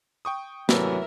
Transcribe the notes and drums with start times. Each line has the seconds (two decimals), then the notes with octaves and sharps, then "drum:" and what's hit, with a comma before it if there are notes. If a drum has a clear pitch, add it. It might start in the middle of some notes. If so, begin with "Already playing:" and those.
0.25 G5 C#6 D#6
0.69 G#1 C3 E3 F#3 A3 A#4 E5, drum: snare